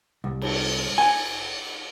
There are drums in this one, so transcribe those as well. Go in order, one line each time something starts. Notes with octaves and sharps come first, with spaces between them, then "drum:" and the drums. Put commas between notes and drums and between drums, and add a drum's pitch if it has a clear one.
C2
drum: cymbal
G#5